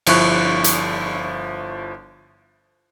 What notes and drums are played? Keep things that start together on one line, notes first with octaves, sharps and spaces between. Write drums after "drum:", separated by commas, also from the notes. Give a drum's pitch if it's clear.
G1 F3 E4 C#6 F#6, drum: cymbal
drum: hi-hat